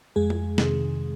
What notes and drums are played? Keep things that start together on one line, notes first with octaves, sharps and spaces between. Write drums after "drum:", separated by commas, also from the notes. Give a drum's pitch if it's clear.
F2 G#3 G#4
drum: tom G#3
C3 D#3, drum: snare